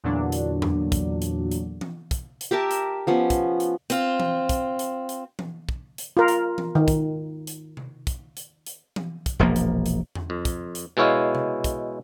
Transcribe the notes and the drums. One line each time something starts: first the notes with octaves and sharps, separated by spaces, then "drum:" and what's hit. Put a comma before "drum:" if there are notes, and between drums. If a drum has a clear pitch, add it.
E2 A#2 D3 F#3 D4
drum: hi-hat
drum: tom E2
drum: kick, hi-hat
drum: hi-hat
drum: hi-hat
drum: tom E3
drum: kick, hi-hat
drum: hi-hat
G4 A#4 E5 A5
drum: hi-hat
F3 B3 C#4
drum: kick, hi-hat
drum: hi-hat
C4 F4, drum: hi-hat
drum: tom E3
drum: kick, hi-hat
drum: hi-hat
drum: hi-hat
drum: tom E3
drum: kick
drum: hi-hat
F4 A#4
drum: hi-hat
drum: tom E3
D#3
drum: kick, hi-hat
drum: hi-hat
drum: tom C3
drum: kick, hi-hat
drum: hi-hat
drum: hi-hat
drum: tom E3
drum: kick, hi-hat
E1 A#1 F3 A#3
drum: hi-hat
drum: hi-hat
drum: tom E2
F2
drum: kick, hi-hat
drum: hi-hat
B2 G#3 E4 C#5 F5
drum: tom C3
drum: kick, hi-hat